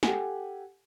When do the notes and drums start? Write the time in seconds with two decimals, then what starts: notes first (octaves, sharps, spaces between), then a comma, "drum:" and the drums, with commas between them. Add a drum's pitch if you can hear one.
0.03 G4 A4 F#5 G#5, drum: snare